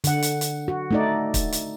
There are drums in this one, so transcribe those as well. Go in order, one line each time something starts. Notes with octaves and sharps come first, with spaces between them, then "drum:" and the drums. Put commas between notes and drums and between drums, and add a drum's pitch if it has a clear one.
D3 F#5, drum: hi-hat
drum: hi-hat
drum: hi-hat
F#4
A3 D#4 D5
drum: kick, hi-hat
drum: hi-hat